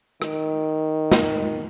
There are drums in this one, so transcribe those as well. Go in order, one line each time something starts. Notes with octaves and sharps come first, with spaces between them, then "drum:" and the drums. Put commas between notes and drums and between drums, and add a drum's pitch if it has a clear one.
D#3, drum: rim click
drum: snare